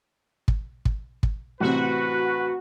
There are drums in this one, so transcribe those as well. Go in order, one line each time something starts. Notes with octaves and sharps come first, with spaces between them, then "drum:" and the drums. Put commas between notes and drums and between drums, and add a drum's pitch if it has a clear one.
drum: kick
drum: kick
drum: kick
A1 C3 C4 F#4 B4